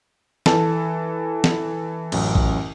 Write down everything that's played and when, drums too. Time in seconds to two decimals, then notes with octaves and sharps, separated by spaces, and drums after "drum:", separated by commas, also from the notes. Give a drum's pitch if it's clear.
0.46 E3 A4 A5, drum: snare
1.44 drum: snare
2.12 A1 F#2, drum: cymbal
2.35 drum: kick A#1